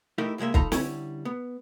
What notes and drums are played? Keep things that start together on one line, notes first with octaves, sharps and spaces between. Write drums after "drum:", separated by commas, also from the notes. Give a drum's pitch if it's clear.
A3 D#4 E4 G4 A#4
C2 G3 G#3 A#3 E5
D#4 F4 A4 A#5 B5, drum: kick
D3 G3 C#4 E4, drum: snare
B3